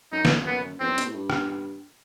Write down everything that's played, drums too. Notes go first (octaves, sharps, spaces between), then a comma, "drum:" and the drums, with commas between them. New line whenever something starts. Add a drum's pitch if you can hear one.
F#2 D#4
drum: snare
B3
E2 C4
F#2
B2, drum: hi-hat
A2
G2
drum: rim click